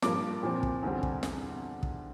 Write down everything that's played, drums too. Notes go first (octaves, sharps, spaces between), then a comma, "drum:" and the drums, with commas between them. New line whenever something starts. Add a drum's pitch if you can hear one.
G2 F3 A#3 D6, drum: snare
A#2 F3 C4
drum: kick
E2 D3 G3 C4
drum: kick
drum: snare
drum: kick